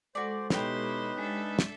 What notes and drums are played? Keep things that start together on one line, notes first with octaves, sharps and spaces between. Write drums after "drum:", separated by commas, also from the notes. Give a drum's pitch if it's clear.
G#3 F#4 A4 C5 D5
B2 D#4 E4 G4 B4 C#5 C6, drum: snare
G#3 D4 A4 E5
drum: snare